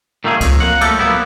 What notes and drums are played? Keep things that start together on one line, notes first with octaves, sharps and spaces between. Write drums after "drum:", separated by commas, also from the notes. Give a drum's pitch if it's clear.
A#2 D#3 G3 A3 A#3 G#4
F2, drum: kick C#2, cymbal
A#3 F#5
G3 A3 G4 A4, drum: cymbal
B1 E2 A#3 B3 E4